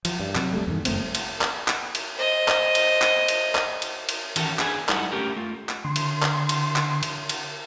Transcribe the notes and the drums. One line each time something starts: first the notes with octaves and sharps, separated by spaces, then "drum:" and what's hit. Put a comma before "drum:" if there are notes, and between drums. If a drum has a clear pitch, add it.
F3, drum: cymbal
G2
C3 F#3, drum: clap
C2 G3 A3
E2 G2 D#3
F#1 F#2 A3 C4, drum: cymbal
drum: cymbal
drum: clap
drum: clap
drum: cymbal
C5 D#5
drum: clap
drum: cymbal
drum: clap
drum: cymbal
drum: clap
drum: cymbal
drum: cymbal
D#3 E3 C#4 F#4 A4 A#4, drum: cymbal
D4 G#4 B4 G#5, drum: clap
F#3 G3 D#4 E4 A4 F#5, drum: clap
A3 C#4 G4 A#4
A3 F4
drum: clap
D3 C6
drum: cymbal
drum: clap
drum: cymbal
drum: clap
drum: cymbal
drum: cymbal